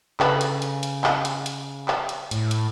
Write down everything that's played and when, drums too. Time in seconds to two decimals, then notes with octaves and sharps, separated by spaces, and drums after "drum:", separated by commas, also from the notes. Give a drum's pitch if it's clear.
0.20 C#3 A4 B4 B5, drum: clap
0.41 drum: hi-hat
0.62 drum: hi-hat
0.83 drum: hi-hat
1.04 drum: clap
1.25 drum: hi-hat
1.46 drum: hi-hat
1.88 drum: clap
2.09 drum: hi-hat
2.31 A2, drum: hi-hat
2.51 drum: hi-hat